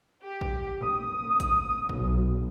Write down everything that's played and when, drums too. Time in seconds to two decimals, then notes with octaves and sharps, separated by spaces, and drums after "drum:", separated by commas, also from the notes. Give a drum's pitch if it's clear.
0.24 G4
0.41 drum: kick A1
0.83 D#6
1.40 drum: kick A1, hi-hat
1.89 B1, drum: kick A1